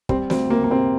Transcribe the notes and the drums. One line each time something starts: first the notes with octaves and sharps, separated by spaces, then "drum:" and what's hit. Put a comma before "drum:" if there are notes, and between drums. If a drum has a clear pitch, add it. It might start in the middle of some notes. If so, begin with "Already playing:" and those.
G3 C4, drum: kick
D2 C4, drum: snare
D2 A#3
A#3
C3 C4